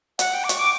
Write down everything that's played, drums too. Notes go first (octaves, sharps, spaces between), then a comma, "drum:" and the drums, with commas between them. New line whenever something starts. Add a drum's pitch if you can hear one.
F#5, drum: hi-hat
G5
D6
C#6, drum: hi-hat
D6